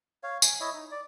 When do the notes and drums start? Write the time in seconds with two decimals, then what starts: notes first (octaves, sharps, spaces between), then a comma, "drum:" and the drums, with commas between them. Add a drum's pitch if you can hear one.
0.23 C#5 F5
0.42 G#5, drum: tambourine
0.60 E4 C#5 D#5 E5
0.74 D#4
0.91 D5